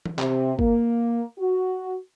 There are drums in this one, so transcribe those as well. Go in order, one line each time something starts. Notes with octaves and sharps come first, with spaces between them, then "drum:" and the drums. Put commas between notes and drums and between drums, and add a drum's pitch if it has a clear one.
drum: tom E3
C3, drum: clap
A#3, drum: kick
F#4